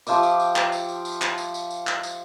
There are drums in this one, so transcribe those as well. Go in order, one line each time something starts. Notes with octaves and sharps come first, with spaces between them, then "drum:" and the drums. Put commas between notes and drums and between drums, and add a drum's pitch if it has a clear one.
F3 G4 E5 D6, drum: tambourine
drum: tambourine
drum: tambourine
drum: clap
drum: tambourine
drum: tambourine
drum: tambourine
drum: clap
drum: tambourine
drum: tambourine
drum: tambourine
drum: clap
drum: tambourine